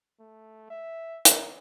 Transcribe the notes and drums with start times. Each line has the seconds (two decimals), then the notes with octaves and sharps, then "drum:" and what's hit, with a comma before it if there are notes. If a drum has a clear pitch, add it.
0.19 A3
0.70 E5
1.25 A#4, drum: hi-hat